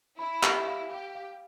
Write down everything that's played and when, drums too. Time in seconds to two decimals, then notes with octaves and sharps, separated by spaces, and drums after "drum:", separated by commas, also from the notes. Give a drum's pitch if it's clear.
0.19 E4 B5
0.43 G4, drum: clap
0.67 F5
0.91 G4 F5
1.15 F5